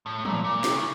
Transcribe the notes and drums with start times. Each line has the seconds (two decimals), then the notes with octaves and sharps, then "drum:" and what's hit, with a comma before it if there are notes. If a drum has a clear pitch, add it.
0.06 A2
0.25 A#2, drum: tom
0.44 A#2
0.64 C3, drum: snare
0.76 C#3